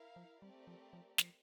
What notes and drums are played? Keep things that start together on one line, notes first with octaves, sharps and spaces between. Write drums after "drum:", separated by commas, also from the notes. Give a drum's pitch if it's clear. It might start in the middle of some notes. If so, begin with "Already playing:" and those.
Already playing: E4 A#4 F5
F3
G3 A3 C4 G4 A#4 D5
F3
F3
F3, drum: snare